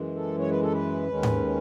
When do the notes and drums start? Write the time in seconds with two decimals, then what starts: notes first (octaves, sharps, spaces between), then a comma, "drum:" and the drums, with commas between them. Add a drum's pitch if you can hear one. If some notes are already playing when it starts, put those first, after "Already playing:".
Already playing: F#2 E3 G#3
0.15 A4
0.39 C#5
0.50 B4
0.62 A4
0.72 B4
1.09 D#2 D#3 G#3 C#4
1.23 drum: tom G#2